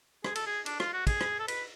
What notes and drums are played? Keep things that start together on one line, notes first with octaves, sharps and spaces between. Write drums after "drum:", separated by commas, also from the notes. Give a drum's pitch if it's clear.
G#4, drum: rim click
A4, drum: cymbal
G#4
D4, drum: cymbal
F4, drum: rim click
F#4
G#4, drum: kick, cymbal
drum: rim click
A4
B4, drum: cymbal